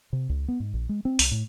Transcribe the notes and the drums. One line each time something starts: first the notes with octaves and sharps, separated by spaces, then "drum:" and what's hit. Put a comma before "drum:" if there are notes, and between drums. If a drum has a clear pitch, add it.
C3
C#2
B3
G#2
A#1
G#3
C4
C2, drum: open hi-hat
A2